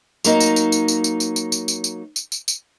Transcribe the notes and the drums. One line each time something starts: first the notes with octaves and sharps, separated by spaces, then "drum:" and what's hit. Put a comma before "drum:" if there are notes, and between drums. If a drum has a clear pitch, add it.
F#3 A#3 D#4, drum: tambourine
drum: tambourine
drum: tambourine
drum: tambourine
drum: tambourine
drum: tambourine
drum: tambourine
drum: tambourine
drum: tambourine
drum: tambourine
drum: tambourine
drum: tambourine
drum: tambourine
drum: tambourine